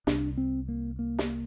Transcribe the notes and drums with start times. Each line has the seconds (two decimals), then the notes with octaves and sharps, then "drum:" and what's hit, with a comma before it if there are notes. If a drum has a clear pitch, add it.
0.07 C2 C3 D4, drum: snare
0.37 C4
0.68 A#3
0.99 A#3
1.19 drum: snare